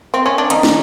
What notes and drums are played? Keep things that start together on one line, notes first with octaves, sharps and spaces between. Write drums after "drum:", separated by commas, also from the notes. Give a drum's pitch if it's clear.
C4
C#4
D4
D#3 C#4 D#4, drum: hi-hat
drum: snare